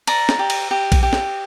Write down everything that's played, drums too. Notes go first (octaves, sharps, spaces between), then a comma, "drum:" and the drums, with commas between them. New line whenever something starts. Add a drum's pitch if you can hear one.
D5 A#5, drum: cymbal
drum: snare
G4
drum: cymbal
G4
drum: kick A#1, cymbal
G4
drum: snare